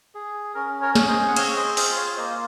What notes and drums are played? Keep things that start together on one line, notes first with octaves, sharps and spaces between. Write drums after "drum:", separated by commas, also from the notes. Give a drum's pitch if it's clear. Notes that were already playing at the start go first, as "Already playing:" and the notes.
G#4
C#4 A#4
A#4 C#5
G#4, drum: snare
C5 D#5
F#5
C4 C#5 F5, drum: cymbal
C5 D#5
F4 C5 D#5, drum: open hi-hat
C#5 F5
A#3 C5 D#5